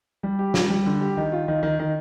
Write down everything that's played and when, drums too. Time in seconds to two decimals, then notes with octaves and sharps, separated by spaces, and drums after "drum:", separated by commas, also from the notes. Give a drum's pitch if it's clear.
0.23 G3
0.39 G4
0.54 G3, drum: snare
0.70 G3
0.86 D3
1.01 G4
1.17 D#3
1.32 F4
1.48 D#3
1.63 D#3
1.79 D#3